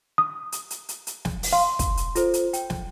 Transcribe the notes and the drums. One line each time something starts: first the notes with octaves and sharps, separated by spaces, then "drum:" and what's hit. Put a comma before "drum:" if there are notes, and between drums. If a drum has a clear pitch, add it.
D#6
drum: hi-hat
drum: hi-hat
drum: hi-hat
drum: hi-hat
drum: snare
drum: open hi-hat
F5 C6
drum: kick, hi-hat
drum: hi-hat
F4 A4 C5, drum: hi-hat
drum: hi-hat
G5, drum: hi-hat
drum: snare